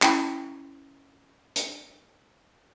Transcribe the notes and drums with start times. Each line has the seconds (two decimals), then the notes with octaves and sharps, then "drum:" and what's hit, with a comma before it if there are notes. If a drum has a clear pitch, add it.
0.02 C#4 E4 G5 B5, drum: clap
1.56 drum: hi-hat